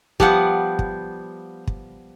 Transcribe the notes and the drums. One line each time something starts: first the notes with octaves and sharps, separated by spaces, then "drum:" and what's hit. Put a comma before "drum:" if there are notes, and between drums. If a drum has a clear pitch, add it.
F3 G3 B3 G4 F#5, drum: kick
drum: kick
drum: kick